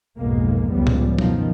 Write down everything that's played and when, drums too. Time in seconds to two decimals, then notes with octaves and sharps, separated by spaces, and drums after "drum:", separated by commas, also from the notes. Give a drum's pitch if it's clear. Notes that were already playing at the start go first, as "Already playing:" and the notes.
0.18 B1 F2 G#2 B2 G#3 A#3
0.73 C#2 C#3 F3 G3 B3
0.87 drum: tom A2
1.19 F#2 B2 D#3 F3, drum: tom F#3